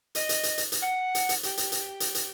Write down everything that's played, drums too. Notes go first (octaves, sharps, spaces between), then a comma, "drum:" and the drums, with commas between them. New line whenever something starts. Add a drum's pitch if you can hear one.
D#5, drum: hi-hat
drum: hi-hat
drum: hi-hat
drum: hi-hat
drum: hi-hat
F#5
drum: hi-hat
drum: hi-hat
G4, drum: hi-hat
drum: hi-hat
drum: hi-hat
drum: hi-hat
drum: hi-hat